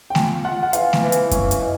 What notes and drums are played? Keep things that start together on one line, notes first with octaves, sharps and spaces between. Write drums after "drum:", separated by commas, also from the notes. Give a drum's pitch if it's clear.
G5
F4 G#5, drum: snare A3
F4 F#5
F#5
E3 F5, drum: hi-hat
drum: snare A3
E3
drum: hi-hat
C#4, drum: kick F#2, hi-hat
drum: hi-hat
B2